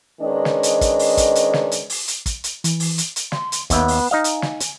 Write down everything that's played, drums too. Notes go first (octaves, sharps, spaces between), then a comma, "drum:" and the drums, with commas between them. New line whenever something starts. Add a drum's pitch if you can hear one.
D#3 G#3 C#4 D4 B4 D#5
drum: snare
drum: hi-hat
drum: kick, hi-hat
drum: open hi-hat
drum: kick, hi-hat
drum: hi-hat
drum: snare
drum: hi-hat
drum: open hi-hat
drum: hi-hat
drum: kick, hi-hat
drum: hi-hat
E3, drum: hi-hat
drum: open hi-hat
drum: hi-hat
drum: hi-hat
C6, drum: snare
drum: hi-hat
D#2 B3 E5, drum: kick, hi-hat
drum: open hi-hat
D#4 D#5 F5 G#5
drum: hi-hat
drum: snare
drum: hi-hat